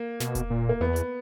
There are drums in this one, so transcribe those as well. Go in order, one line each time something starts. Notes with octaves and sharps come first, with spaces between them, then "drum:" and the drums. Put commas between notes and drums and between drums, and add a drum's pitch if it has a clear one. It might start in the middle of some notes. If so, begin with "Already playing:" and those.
Already playing: A#3
B2, drum: snare
drum: kick E1, hi-hat
A#2
A#3
E2 B3
drum: hi-hat